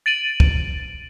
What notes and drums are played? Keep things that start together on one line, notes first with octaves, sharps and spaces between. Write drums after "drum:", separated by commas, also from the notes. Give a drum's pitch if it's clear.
A6 D7 D#7 F#7
drum: kick